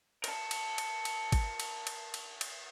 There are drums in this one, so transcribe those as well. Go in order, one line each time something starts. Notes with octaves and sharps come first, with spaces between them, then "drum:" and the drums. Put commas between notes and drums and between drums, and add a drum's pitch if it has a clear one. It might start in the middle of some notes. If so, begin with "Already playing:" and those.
A#4 A5, drum: cymbal
drum: cymbal
drum: cymbal
drum: cymbal
drum: kick, cymbal
drum: cymbal
drum: cymbal
drum: cymbal
drum: cymbal